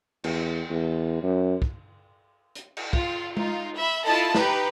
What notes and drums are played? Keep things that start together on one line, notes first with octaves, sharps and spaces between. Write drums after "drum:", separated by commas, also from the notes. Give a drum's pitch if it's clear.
E2, drum: cymbal
E2
F#2
drum: kick
drum: hi-hat
drum: cymbal
F4, drum: kick
D#4 F4, drum: tom G#3
E5 B5
E4 F4 A4 D#5 A5 B5
D#4 G4 B4, drum: snare